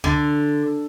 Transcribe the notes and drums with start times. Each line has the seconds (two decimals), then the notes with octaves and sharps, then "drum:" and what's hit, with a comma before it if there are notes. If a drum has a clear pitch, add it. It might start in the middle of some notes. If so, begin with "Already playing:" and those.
0.04 D3, drum: kick C#2